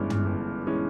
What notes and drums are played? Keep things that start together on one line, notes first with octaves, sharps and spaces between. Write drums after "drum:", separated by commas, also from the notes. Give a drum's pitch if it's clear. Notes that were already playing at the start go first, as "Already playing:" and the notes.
Already playing: G1 G2 E3 G#3 C#4
drum: tom
G1
E3 G#3 C#4